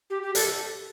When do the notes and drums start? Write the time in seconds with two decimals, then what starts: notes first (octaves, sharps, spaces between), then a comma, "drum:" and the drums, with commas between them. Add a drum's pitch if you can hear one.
0.10 G4
0.23 G4
0.35 A4, drum: hi-hat